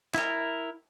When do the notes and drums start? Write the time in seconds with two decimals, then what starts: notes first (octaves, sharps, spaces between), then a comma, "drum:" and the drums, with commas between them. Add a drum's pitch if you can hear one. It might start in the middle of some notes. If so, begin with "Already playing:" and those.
0.14 E4 A#4, drum: clap